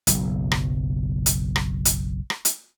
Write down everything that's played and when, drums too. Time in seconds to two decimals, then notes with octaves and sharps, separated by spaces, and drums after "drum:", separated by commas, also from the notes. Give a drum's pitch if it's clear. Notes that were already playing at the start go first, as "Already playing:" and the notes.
0.07 F#1 B1, drum: hi-hat
0.52 drum: rim click
1.26 drum: hi-hat
1.56 drum: rim click
1.85 drum: hi-hat
2.30 drum: rim click
2.45 drum: hi-hat